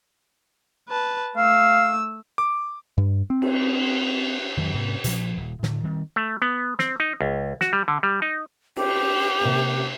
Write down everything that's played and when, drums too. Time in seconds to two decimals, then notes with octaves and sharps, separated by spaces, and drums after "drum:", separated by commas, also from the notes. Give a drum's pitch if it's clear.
0.89 B4 A5
1.37 A3 F5 E6
2.38 D6
2.98 G2
3.30 C4
3.42 drum: cymbal
4.57 F2 D#3 F#3 G#3
4.74 G#2 C3 A#3
5.04 A#2 F3, drum: hi-hat
5.37 D#1
5.63 A2 D3, drum: snare
5.84 D#3 G3 C4
6.16 A3
6.42 B3
6.79 C4, drum: snare
7.00 D#4
7.21 C#2
7.61 F#4, drum: snare
7.73 G3
7.88 D3
8.03 G3
8.22 D#4
8.77 G4, drum: cymbal
9.41 C3 A#3